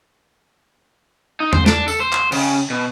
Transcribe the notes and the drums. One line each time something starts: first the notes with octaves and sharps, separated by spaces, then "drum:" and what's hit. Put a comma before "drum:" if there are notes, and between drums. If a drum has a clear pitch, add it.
D#4
C5, drum: tom E2
D4, drum: snare
A4, drum: tambourine
C5
drum: clap
C#3, drum: cymbal
B2